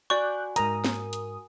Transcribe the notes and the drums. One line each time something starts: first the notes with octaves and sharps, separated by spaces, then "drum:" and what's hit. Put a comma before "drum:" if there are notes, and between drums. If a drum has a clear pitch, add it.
F#4 D5 G#5 C#6 D6 F#6 G6
G#2 A#4 A#5 D#6, drum: hi-hat
drum: snare
drum: hi-hat